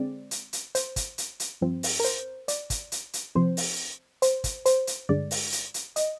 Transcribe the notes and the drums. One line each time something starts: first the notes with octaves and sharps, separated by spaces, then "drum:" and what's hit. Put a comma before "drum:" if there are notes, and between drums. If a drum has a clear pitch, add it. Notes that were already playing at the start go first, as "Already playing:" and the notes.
Already playing: D3 G#3 C4 D5
drum: hi-hat
drum: hi-hat
C5, drum: hi-hat
drum: kick, hi-hat
drum: hi-hat
drum: hi-hat
G2 F3 C4
drum: open hi-hat
A#4
C5, drum: hi-hat
D5, drum: hi-hat
drum: kick, hi-hat
drum: hi-hat
drum: hi-hat
C3 F3 C4 C5
drum: open hi-hat
C5, drum: hi-hat
drum: kick, hi-hat
C5, drum: hi-hat
drum: hi-hat
G2 D3 G#3 D5
drum: open hi-hat
drum: hi-hat
drum: hi-hat
D#5, drum: hi-hat